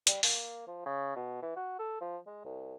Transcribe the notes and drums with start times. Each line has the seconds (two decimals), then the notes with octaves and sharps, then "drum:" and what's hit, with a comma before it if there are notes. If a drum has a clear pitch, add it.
0.07 G3, drum: hi-hat
0.23 A#3, drum: open hi-hat
0.67 F3
0.86 C#3
1.16 B2
1.42 E3
1.56 F#4
1.79 A4
2.01 F3
2.26 G#3
2.45 C2